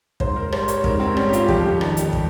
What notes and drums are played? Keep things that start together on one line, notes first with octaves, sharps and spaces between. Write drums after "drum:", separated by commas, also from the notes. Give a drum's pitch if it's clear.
G#2 C5, drum: kick
A#4
G3 C5, drum: rim click
C#5, drum: hi-hat
G#2 A#4, drum: kick
C4
G3 C#4, drum: rim click
G4
F4, drum: hi-hat
F2 G4, drum: kick
D#3 G3, drum: rim click
drum: hi-hat
drum: kick